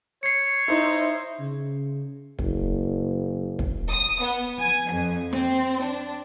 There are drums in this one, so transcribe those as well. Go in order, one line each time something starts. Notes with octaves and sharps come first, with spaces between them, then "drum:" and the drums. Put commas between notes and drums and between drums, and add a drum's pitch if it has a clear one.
C#5 C7 C#7
D#4 E4 C5
C#3
F#1, drum: kick
drum: kick
D#6
B3
G#5
F2
C4, drum: snare
D4